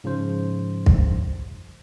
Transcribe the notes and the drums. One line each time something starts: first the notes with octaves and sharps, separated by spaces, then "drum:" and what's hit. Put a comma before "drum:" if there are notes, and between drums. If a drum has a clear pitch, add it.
G#2 C#3 F3 C5
drum: kick